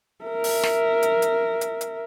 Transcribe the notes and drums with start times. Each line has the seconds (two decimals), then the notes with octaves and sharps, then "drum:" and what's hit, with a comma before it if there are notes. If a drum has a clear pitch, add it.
0.24 A#4 E5
0.44 drum: open hi-hat
0.63 drum: snare
1.03 drum: hi-hat
1.22 drum: hi-hat
1.61 drum: hi-hat
1.81 drum: hi-hat